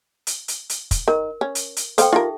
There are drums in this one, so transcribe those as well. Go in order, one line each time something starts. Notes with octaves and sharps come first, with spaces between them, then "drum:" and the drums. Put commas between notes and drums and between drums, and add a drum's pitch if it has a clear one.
drum: hi-hat
drum: hi-hat
drum: hi-hat
drum: kick, hi-hat
D#3 A#4
C#4
drum: hi-hat
drum: hi-hat
A4 C5 F5 G5, drum: hi-hat
D#4 F4 G4 A#4 E5